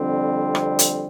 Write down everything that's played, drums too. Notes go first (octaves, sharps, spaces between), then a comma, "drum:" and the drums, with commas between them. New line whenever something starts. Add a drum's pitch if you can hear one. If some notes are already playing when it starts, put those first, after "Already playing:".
Already playing: F2 D3 G3 C4
drum: rim click
drum: hi-hat